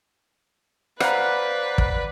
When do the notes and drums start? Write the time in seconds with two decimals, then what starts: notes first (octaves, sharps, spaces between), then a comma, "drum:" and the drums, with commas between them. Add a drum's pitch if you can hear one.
1.00 B4 C5 D5 F5 F#5 A#5 B5, drum: rim click
1.78 drum: kick